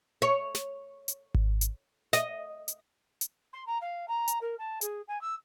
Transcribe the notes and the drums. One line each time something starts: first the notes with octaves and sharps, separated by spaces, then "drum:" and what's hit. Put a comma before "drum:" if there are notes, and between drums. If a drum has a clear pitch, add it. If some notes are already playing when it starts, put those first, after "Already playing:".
C#5
drum: snare
drum: hi-hat
drum: kick G#1
drum: hi-hat
D#5, drum: snare
drum: hi-hat
drum: hi-hat
C6
A#5
F5
A#5
drum: hi-hat
A#4
A5
G#4, drum: hi-hat
G#5
E6